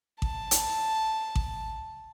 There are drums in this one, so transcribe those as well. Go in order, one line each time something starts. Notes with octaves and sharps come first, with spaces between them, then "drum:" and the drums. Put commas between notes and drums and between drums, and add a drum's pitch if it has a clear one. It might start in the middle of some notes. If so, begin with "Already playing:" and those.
A5, drum: kick A1
drum: hi-hat
drum: kick A1